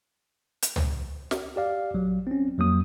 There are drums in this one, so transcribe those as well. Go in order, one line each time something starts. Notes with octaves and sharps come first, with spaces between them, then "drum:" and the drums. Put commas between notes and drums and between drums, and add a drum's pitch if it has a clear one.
drum: hi-hat
drum: tom
drum: snare
G4 D5 F5
A#1 F#3
C4 C#4
F2 F#3 A#3 D#6